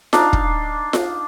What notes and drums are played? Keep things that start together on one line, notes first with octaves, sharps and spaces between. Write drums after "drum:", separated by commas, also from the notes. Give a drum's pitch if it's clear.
D4 D#4 F5, drum: snare F4
drum: kick
drum: snare F4